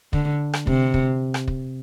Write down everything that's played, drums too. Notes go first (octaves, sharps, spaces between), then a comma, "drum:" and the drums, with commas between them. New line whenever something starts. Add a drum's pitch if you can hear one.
D3, drum: kick
drum: rim click
C3, drum: kick
drum: kick
drum: rim click
drum: kick